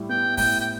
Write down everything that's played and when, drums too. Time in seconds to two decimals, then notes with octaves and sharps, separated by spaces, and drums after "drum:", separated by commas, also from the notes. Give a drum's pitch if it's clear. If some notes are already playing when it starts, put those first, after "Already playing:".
Already playing: A2 G3 E4
0.09 B3 G5
0.37 A2 G5, drum: kick, open hi-hat
0.60 G5